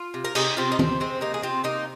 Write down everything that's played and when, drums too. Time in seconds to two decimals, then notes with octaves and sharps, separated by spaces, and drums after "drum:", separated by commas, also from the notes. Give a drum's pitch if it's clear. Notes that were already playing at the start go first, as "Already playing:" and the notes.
Already playing: F4
0.14 C3
0.25 A#4
0.35 C3 D#4 G#4, drum: cymbal
0.57 C3 C4 F4
0.72 D#4
0.79 C3 C4, drum: tom
1.00 G#3 C4
1.21 C3 A#3 D#4
1.34 G#4
1.42 C3 C4 F4
1.64 C3 A#3 D#4